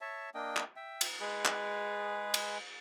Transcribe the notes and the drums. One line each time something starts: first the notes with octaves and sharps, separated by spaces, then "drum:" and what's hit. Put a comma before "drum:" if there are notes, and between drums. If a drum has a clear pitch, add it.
C#5 E5 A5
A#3 D4 D#5 G5
drum: clap
E5 G5
drum: cymbal
G#3 G#4 B4
drum: clap
drum: cymbal